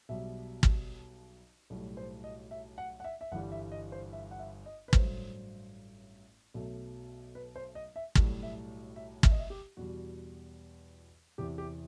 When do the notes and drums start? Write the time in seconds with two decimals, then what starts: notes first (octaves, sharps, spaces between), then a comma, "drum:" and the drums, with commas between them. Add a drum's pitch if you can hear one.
0.09 B1 B2 G3 E5
0.63 drum: kick
1.70 B1 A2 G3
1.97 C5
2.24 D#5
2.51 E5
2.78 F#5
3.00 F#5
3.04 E5
3.21 E5
3.32 G1 G2 E3 G3 F#5
3.52 E5
3.72 D#5
3.92 C5
4.13 E5
4.31 F#5
4.39 E5
4.66 D#5
4.88 B4
4.93 A1 G2 F#3 A3 C5, drum: kick
6.54 B1 B2 F#3 A3
7.35 B4
7.56 C5
7.75 D#5
7.96 E5
8.15 B1 A2 G3, drum: kick
8.43 E5
8.96 E5
9.23 E5, drum: kick
9.32 D#5
9.39 E5
9.50 G4
9.77 E2 B2 G3 F#4
11.38 E2 C3 E3 G4
11.58 G4